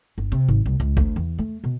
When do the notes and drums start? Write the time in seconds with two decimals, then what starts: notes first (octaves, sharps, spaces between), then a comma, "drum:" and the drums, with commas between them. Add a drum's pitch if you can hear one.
0.18 G1
0.32 C3
0.48 G#1
0.66 C2
0.80 C#2
0.97 D2, drum: kick G#1
1.16 E2
1.38 A3
1.64 B2